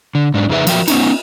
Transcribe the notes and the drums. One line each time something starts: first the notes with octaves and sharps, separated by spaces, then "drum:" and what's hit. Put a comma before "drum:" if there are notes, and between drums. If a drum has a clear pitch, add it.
D3
G#2 D4
F2 C#3 D#4 G#4 B4 E5
F3 F#3 F#4 A#4 E5 G5, drum: cymbal
B3 C#4 D#4, drum: cymbal